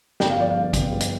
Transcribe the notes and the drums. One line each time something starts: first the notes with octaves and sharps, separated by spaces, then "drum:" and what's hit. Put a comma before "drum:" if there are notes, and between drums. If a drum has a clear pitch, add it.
G1 G5, drum: snare
F5
F3 D5
F5
G2
G1, drum: kick, hi-hat
G2
drum: hi-hat